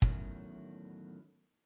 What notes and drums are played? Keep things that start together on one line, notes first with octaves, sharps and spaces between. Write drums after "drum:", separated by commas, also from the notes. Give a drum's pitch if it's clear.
E2 A2 C3 D#3 F#3 C#4, drum: kick